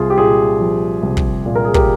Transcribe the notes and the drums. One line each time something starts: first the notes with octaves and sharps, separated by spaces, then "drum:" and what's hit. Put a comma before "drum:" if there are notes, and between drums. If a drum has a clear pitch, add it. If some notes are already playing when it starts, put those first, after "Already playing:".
Already playing: C2 F4 G#4
G4
A#2 F4 G#4
F3
C2
drum: kick
A#2
A#4
G#4
G4 A#4, drum: kick